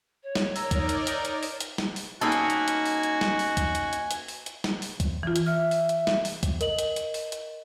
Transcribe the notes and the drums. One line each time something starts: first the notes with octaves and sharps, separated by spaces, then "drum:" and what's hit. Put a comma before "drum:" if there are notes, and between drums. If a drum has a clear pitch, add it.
C#5
drum: snare
D#4 A#4 D5 A#5 E6, drum: open hi-hat
drum: kick, hi-hat
drum: hi-hat
drum: hi-hat
drum: hi-hat
drum: open hi-hat
drum: hi-hat
drum: snare
drum: open hi-hat
G3 A#3 C#4 D#4 F#4 G#4 A4 G#5
drum: hi-hat
drum: hi-hat
drum: hi-hat
drum: open hi-hat
drum: hi-hat
drum: snare
drum: open hi-hat
drum: kick, hi-hat
drum: hi-hat
drum: hi-hat
drum: hi-hat
drum: open hi-hat
drum: hi-hat
drum: snare
drum: open hi-hat
drum: kick, hi-hat
E3 F4
drum: hi-hat
E5 F6
drum: open hi-hat
drum: hi-hat
drum: snare
drum: open hi-hat
drum: kick, hi-hat
A#4 D#5 F#7, drum: hi-hat
drum: hi-hat
drum: hi-hat
drum: open hi-hat
drum: hi-hat